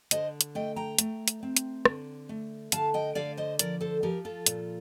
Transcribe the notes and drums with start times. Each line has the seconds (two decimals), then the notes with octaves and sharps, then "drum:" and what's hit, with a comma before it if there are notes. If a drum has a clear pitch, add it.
0.11 D3 C5 D#5, drum: hi-hat
0.41 drum: hi-hat
0.55 A3 D#5 G5
0.76 G5 A#5
0.98 A3, drum: hi-hat
1.28 drum: hi-hat
1.43 C4
1.57 drum: hi-hat
1.85 D3, drum: rim click
2.29 A3
2.72 D3 F5 A5, drum: hi-hat
2.94 D#5 G5
3.15 D3 D5 F5
3.37 C5 D#5
3.59 F3 A#4 D5, drum: hi-hat
3.81 A4 C5
4.03 F3 G4 A#4
4.25 F4 A4
4.46 A#2, drum: hi-hat